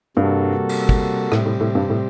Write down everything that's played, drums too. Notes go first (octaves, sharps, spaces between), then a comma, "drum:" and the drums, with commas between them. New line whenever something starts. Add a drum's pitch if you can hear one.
G2 C3 G3 A#3 F#4 A4
drum: cymbal
drum: kick
A2 C3 G3 C4 G4, drum: rim click
A2
A2
G2
A2